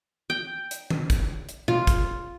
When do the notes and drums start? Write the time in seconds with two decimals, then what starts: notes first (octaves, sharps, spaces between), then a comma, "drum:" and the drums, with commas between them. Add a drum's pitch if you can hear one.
0.30 G5
0.71 drum: hi-hat
0.90 drum: tom D#3
1.10 drum: kick, hi-hat
1.49 drum: hi-hat
1.68 F4, drum: tom A#2
1.87 drum: kick, hi-hat